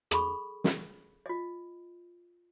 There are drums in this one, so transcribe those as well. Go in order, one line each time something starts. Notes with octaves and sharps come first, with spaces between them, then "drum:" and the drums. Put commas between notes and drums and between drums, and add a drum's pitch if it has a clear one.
G#4 A4 B5 C#6, drum: rim click
drum: snare
F4 D#5